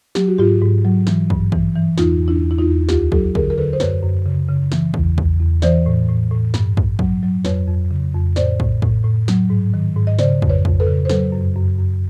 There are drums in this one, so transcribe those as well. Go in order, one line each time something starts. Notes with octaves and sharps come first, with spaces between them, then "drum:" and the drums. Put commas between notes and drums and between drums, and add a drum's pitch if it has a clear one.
F#3 G4, drum: snare
F#4
G#2 F4 G4
G#2
F#3
E3, drum: snare
G2, drum: kick
E3, drum: kick
E3
E2 D#4 F4, drum: snare
E2
D4 E4
E2
E4
D#4 F4
E2
D2 F4 G4, drum: snare
F#3 G4 A4, drum: kick
D3 G#4 A#4, drum: kick
A#4
D3 A4 B4
C5
F#2 B4 C#5, drum: snare
F#2
C#3
C#3
E3, drum: snare
E2, drum: kick
E2, drum: kick
E2
E3 C5 D5, drum: snare
A2
A2
A2
G2, drum: snare
G2, drum: kick
F#3, drum: kick
F#3
F2 B4 C#5, drum: snare
F2
C#3
F2
A2 C5 D5, drum: snare
A2, drum: kick
A2, drum: kick
A2
F#3, drum: snare
G#2
D#3
G#2
D#5
C#3 C5 D5, drum: snare
F2, drum: kick
B4 C#5
F2, drum: kick
A4 B4
C#3
C5
F#3 A4 B4, drum: snare
F#2
F#2
F#2